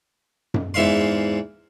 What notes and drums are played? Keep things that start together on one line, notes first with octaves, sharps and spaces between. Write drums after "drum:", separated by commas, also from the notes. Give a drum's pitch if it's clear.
drum: tom F#2
E2 G#2 E5 F5 C6